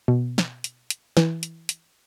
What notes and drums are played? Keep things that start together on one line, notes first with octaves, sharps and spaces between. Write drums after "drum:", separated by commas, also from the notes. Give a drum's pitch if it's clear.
B2
drum: snare
drum: hi-hat
drum: hi-hat
E3, drum: snare
drum: hi-hat
drum: hi-hat